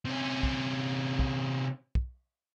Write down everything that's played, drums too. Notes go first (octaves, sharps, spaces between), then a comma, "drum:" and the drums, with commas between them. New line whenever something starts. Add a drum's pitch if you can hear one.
C3 C#4
drum: kick
drum: kick
drum: kick